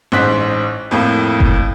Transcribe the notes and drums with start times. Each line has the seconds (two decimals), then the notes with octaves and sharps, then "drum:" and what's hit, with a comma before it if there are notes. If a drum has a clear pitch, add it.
0.12 A1 G#2 C5 F#6 B6
0.91 F2 A2 A#3
1.40 drum: kick F#1